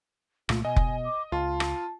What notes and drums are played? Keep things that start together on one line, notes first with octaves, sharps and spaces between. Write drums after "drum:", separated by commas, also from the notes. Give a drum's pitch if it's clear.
C2 A#2 A3 F4, drum: rim click
B2 D#5 G#5
drum: kick F1
D6
C#2 F4 A5
drum: rim click